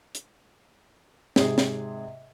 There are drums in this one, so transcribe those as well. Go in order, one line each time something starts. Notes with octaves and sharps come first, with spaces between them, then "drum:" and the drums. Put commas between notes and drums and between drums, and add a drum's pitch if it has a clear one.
drum: hi-hat
G#2 C3 G#4, drum: snare
drum: snare